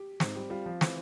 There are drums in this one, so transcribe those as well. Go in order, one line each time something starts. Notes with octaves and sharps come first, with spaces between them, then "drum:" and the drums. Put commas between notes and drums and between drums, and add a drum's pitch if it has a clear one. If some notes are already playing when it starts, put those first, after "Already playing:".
Already playing: G4
G#2 C4, drum: snare
G3
G3 F4
F3
E3 C4, drum: snare